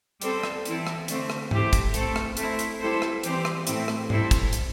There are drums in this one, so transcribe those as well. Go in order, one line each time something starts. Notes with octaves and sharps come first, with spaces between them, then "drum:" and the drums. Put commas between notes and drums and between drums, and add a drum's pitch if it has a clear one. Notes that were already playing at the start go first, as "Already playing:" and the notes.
G3 C4 A4 C5, drum: hi-hat
drum: rim click
E3 C4 E4 A4, drum: hi-hat
drum: rim click
D3 A3 C4, drum: hi-hat
drum: rim click
A3 C4 E4 G4 C5, drum: tom G#2
drum: kick, hi-hat
A3 C4 A4, drum: hi-hat
drum: rim click
A3 C4 E4, drum: hi-hat
drum: hi-hat
G3 E4 A4 C5
drum: rim click
E3 G3 C4 G4 C5, drum: hi-hat
drum: rim click
A2 A3 C4 E4, drum: hi-hat
drum: rim click
G3 C4 E4 A4 C5, drum: tom G#2
drum: kick, hi-hat
drum: hi-hat